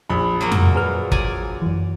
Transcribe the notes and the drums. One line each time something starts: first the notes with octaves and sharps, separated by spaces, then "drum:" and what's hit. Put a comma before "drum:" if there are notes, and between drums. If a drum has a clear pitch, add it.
A#1 B5
F#3 A#3
drum: tom F2
G#4 B4 F6
D5 G#5 A#5, drum: kick
F#2 E3